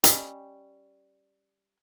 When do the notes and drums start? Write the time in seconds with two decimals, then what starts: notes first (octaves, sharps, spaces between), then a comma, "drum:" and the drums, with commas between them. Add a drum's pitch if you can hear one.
0.04 G3 C#4 D#5, drum: hi-hat